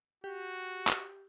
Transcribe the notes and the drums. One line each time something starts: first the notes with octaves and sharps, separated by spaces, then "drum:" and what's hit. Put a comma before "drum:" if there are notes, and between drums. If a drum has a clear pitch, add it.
F#4 G4
drum: clap